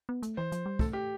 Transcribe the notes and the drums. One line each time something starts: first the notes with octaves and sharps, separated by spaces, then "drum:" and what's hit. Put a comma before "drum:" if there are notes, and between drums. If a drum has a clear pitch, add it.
B3
A3, drum: hi-hat
E3 C5
F3, drum: hi-hat
G3
A3 A4, drum: kick
G4